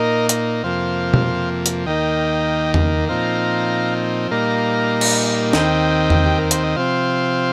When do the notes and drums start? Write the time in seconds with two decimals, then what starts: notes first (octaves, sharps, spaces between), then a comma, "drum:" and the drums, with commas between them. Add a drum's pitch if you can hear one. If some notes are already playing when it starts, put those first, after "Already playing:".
Already playing: A#2 A#3 D#4 A#4 D#5
0.29 drum: hi-hat
0.64 F2 C3 F3 A#3 C5 F5
1.14 drum: tom B2
1.66 drum: hi-hat
1.86 D#2 D#3 A#3 D#4 D#5 G5
2.74 drum: tom E2
3.08 A#2 F3 C4 D#4 F5 A#5
4.31 A#2 G3 A#3 D#4 F5 A#5
5.01 drum: cymbal
5.53 D#2 D#3 C4 D#5 G5, drum: snare
6.10 drum: tom E2
6.26 G4
6.38 A#4
6.51 C5, drum: hi-hat
6.63 D#5
6.76 C3 F3 C4 C5 F5